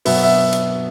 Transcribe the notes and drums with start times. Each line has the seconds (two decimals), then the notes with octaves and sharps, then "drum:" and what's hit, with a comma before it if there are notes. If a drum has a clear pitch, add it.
0.05 B2 F#3 B3 E5, drum: open hi-hat
0.23 E5
0.53 drum: hi-hat